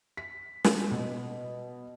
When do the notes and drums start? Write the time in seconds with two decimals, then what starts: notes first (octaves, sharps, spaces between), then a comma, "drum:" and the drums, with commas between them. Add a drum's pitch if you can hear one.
0.17 B6
0.64 drum: snare
0.91 B2